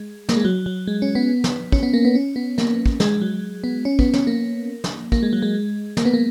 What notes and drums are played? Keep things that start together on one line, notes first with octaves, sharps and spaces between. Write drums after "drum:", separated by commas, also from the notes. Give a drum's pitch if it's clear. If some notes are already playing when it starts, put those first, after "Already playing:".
Already playing: G#3
A#3, drum: snare
G#3
F#3
F#3
G#3
C#4
B3
drum: snare
C#4, drum: kick
B3
A#3
B3
C#4
B3
A#3, drum: snare
drum: kick
G#3, drum: snare
F#3
B3
C#4
B3, drum: kick
C#4, drum: snare
A#3
drum: snare
A#3, drum: kick
G#3
F#3
G#3
A#3, drum: snare
B3
A#3